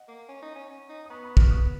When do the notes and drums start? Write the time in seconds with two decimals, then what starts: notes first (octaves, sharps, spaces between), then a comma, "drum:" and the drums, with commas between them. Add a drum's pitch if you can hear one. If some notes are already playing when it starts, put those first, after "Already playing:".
Already playing: D#5 F#5
0.08 A#3
0.29 C#4
0.42 D#4
0.55 C#4
0.70 C#4
0.89 D#4
1.06 D#6
1.10 B3 A#5 C#6
1.23 B5 D#6
1.37 C#6 F6, drum: kick
1.50 D#6 F#6